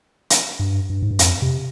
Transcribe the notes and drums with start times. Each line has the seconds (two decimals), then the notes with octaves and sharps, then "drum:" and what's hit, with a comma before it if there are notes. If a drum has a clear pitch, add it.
0.30 drum: hi-hat
0.59 G2
0.90 G2
1.02 G#2
1.11 G2
1.19 F2, drum: hi-hat
1.42 C3